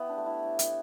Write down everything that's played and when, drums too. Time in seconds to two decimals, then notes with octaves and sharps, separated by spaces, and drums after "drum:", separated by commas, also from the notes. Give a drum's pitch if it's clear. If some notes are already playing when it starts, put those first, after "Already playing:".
Already playing: B3 E4 G4
0.09 D4
0.18 A3
0.26 E4
0.44 A2
0.59 drum: hi-hat